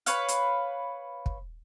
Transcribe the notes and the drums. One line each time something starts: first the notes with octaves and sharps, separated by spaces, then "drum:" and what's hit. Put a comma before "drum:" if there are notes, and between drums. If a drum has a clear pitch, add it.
B4 C#5 F5, drum: hi-hat
drum: hi-hat
drum: kick